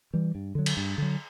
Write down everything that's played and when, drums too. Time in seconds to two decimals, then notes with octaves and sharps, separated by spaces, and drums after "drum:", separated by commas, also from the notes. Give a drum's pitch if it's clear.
0.14 E3 G3
0.35 G2
0.55 D3 F#3
0.66 drum: cymbal
0.77 G2
0.98 D3 F#3